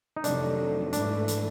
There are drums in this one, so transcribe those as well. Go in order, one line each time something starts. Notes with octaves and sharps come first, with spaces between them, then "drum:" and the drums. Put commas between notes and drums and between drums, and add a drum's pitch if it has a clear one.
D#4
F2 C3 D#3 F#3 A3 D4, drum: hi-hat
G#2 E3 A3 D4, drum: hi-hat
drum: hi-hat